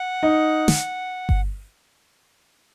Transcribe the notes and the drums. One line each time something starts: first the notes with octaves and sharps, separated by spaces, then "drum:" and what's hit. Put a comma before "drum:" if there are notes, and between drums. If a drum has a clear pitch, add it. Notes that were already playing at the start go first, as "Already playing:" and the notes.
Already playing: F#5
D#4
drum: snare
drum: kick G1